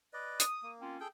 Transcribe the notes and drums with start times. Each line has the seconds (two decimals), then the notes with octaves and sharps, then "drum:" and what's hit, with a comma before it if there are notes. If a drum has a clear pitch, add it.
0.13 B4 D5 D#5
0.40 D#6, drum: hi-hat
0.63 A#3
0.81 C4 C#4 F4
1.00 G#4 A4 G5